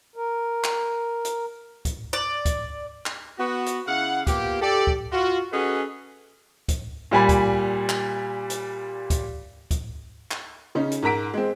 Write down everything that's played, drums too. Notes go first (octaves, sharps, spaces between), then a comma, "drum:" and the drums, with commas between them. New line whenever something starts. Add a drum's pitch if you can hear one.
A#4
drum: clap
drum: hi-hat
drum: kick C#2, hi-hat
D5
drum: kick C#2, hi-hat
drum: clap
B3 F#4
drum: hi-hat
C#3 E4 F5 F#5
A#3 B3 F4 G4, drum: kick C#2, hi-hat
G4 A4 D5
drum: kick C#2
F4 F#4
C#4 F#4 G#4 A4 B4 D#5
drum: kick C#2, hi-hat
A#2 G3 G#5 B5
drum: kick C#2, hi-hat
drum: clap
drum: hi-hat
drum: kick C#2, hi-hat
drum: kick C#2, hi-hat
drum: clap
C#3 C#4 D#4
drum: hi-hat
G#2 A#4 A#5 B6 D7
G#3 C4